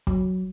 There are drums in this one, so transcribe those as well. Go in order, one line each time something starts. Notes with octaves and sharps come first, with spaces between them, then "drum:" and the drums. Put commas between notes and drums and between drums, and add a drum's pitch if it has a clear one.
F#3, drum: kick